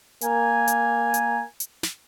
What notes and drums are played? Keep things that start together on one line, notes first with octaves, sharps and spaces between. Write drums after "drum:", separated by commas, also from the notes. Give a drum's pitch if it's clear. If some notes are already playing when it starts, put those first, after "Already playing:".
A#3 A#4 G#5, drum: hi-hat
drum: hi-hat
drum: hi-hat
drum: hi-hat
drum: snare